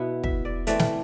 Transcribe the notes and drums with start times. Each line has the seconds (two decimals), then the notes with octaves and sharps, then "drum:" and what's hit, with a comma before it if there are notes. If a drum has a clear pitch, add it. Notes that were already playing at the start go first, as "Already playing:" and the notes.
Already playing: B2 B3 E4
0.24 E5, drum: kick
0.45 D5
0.67 E3 A3 C4 D5, drum: hi-hat
0.79 drum: snare